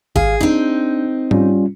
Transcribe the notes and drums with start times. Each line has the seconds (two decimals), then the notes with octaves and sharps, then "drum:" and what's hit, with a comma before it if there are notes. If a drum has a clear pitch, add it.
0.16 G#1 G#4 F5, drum: kick
0.41 C4 D4 D#4
1.31 G3 C#4 F4, drum: tom G#2